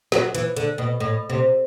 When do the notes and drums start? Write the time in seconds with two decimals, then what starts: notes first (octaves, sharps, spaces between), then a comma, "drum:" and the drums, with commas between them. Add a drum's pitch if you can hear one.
0.12 F#3, drum: snare
0.35 E3, drum: hi-hat
0.57 D3, drum: hi-hat
0.78 B2
1.00 A2
1.30 C3